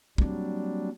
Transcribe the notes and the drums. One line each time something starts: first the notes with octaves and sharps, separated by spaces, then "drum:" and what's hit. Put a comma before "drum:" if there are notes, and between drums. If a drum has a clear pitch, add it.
F#3 G3 A#3 C4 D4, drum: kick